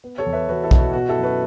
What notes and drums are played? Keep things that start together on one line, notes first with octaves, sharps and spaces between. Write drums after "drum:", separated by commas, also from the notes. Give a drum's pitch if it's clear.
B3
A4 C#5
E2
B4 E5
E2 F#4 B4
E4 A4
B2, drum: kick B1
F#4
B3 F#4
E4 A4
F#2
F#4 B4